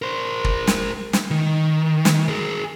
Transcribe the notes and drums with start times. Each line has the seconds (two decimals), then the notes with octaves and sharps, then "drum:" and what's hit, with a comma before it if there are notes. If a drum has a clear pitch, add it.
0.02 A#4 C5
0.44 drum: kick
0.67 drum: snare
1.13 drum: snare
1.31 D#3
2.05 drum: snare
2.28 G#4 A#4